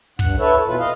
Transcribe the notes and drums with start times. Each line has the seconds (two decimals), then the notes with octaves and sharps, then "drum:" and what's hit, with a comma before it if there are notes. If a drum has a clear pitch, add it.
0.19 G2 F#5, drum: kick
0.39 E4 A4 B4 C#5 E5
0.66 B2 E3 F4 B4
0.79 D#5 F5